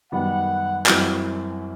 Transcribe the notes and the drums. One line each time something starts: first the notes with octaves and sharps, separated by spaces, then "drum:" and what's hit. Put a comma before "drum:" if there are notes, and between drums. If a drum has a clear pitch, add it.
F#2 D#3 G3 B3 F#5
F#2 E3 G3 C4 F#4, drum: clap